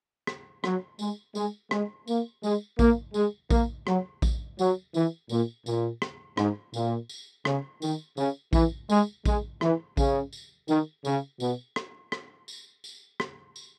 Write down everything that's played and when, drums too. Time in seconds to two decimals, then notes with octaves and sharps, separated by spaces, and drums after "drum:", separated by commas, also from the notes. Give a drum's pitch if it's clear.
0.27 drum: rim click
0.64 F#3, drum: rim click
0.99 G#3, drum: tambourine
1.35 G#3, drum: tambourine
1.71 G#3, drum: rim click
2.07 A#3, drum: tambourine
2.43 G#3, drum: tambourine
2.79 A#3, drum: kick A#1, tambourine
3.14 G#3, drum: tambourine
3.50 A#3, drum: kick A#1, tambourine
3.87 F#3, drum: rim click
4.22 drum: kick A#1, tambourine
4.59 F#3, drum: tambourine
4.94 E3, drum: tambourine
5.29 A#2, drum: tambourine
5.66 A#2, drum: tambourine
6.02 drum: rim click
6.37 G#2, drum: rim click
6.74 A#2, drum: tambourine
7.09 drum: tambourine
7.45 C#3, drum: rim click
7.82 D#3, drum: tambourine
8.17 C#3, drum: tambourine
8.53 E3, drum: kick A#1, tambourine
8.90 G#3, drum: tambourine
9.25 G#3, drum: kick A#1, tambourine
9.61 E3, drum: rim click
9.97 C#3, drum: kick A#1, tambourine
10.33 drum: tambourine
10.68 D#3, drum: tambourine
11.05 C#3, drum: tambourine
11.40 B2, drum: tambourine
11.76 drum: rim click
12.12 drum: rim click
12.48 drum: tambourine
12.84 drum: tambourine
13.20 drum: rim click
13.56 drum: tambourine